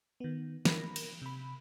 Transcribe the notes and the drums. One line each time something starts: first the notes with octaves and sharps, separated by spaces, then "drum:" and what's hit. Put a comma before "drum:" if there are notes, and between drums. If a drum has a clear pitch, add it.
D#3 B3
A#4 B5 A#6, drum: snare
drum: cymbal
C3 B5